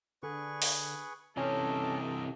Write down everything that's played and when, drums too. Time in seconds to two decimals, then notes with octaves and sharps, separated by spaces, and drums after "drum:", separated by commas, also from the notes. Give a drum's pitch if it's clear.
0.23 D3 G#4 B4 C#6
0.62 drum: open hi-hat
1.37 C3 E3 C#4 A4 D#5 A#5 D6